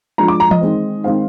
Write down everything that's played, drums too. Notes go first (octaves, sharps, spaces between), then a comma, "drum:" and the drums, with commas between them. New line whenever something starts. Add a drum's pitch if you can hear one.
F3 G#3 D4 A#5
D6
A#5
D#5, drum: tom E3
D#3 G#3 C4
D#3 G#3 C4 F5